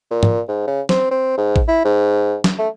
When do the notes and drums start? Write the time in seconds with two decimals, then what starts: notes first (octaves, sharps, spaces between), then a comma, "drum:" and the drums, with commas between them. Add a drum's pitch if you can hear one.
0.11 A#2
0.23 drum: tom G#2
0.48 G#2
0.67 C#3
0.89 C4, drum: snare
1.11 C4
1.38 G#2
1.56 drum: kick A1
1.68 E4
1.85 G#2
2.44 drum: snare
2.59 A3